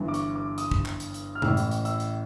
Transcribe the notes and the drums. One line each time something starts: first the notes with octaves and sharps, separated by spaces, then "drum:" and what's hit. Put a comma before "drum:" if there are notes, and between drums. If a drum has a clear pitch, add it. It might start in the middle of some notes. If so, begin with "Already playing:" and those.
Already playing: G1 G2 E3
D6
C#6, drum: hi-hat
D6
D#6, drum: hi-hat
drum: kick
drum: clap
drum: hi-hat
drum: hi-hat
F6
A1 A2 E3 E6, drum: tom C3
drum: hi-hat
drum: hi-hat
E6, drum: hi-hat
drum: hi-hat